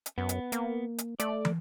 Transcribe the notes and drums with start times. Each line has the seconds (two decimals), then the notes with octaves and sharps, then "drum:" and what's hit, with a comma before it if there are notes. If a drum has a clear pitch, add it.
0.06 drum: hi-hat
0.18 F#2 B3
0.29 drum: hi-hat
0.52 A#3, drum: hi-hat
0.98 drum: hi-hat
1.20 A3 D5, drum: hi-hat
1.45 drum: tom